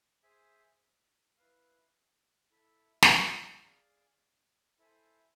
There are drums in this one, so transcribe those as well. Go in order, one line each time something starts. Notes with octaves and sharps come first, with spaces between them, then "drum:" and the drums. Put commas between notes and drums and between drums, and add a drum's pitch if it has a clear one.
G#4 C5 E5 G#5
E4 B4 F5
E4 A4 E5
drum: snare
G#4 D5 F5
E4 A4 C5 E5 G#5